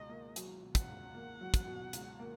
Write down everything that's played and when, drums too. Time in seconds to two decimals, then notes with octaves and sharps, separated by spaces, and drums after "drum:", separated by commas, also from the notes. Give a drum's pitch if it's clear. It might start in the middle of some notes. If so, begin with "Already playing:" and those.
Already playing: C#2 B2 D#5
0.09 A#3
0.36 F#3, drum: hi-hat
0.62 B2
0.75 F#5, drum: kick, hi-hat
0.88 C#2
1.15 A#3
1.41 F#3
1.54 drum: kick, hi-hat
1.66 B2
1.93 C#2, drum: hi-hat
2.19 A#3